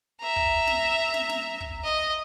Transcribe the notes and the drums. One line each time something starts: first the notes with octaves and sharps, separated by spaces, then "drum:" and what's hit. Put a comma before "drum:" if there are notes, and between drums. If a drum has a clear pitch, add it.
E5 A#5
drum: kick
drum: snare
drum: snare
drum: snare
drum: kick
D#5